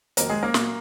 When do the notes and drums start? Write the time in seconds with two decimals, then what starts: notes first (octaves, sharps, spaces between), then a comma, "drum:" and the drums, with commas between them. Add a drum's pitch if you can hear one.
0.17 F2 D#3 F#3 A#3 A#4, drum: hi-hat
0.30 G#3 G#4
0.43 A#3 A#4
0.54 A#2 F#3, drum: snare